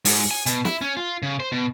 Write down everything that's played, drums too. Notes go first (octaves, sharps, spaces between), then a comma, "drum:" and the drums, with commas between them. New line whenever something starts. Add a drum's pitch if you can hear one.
G#2, drum: open hi-hat
G#5
B2, drum: hi-hat
E4, drum: snare
C#4
F4
C#3
C5
B2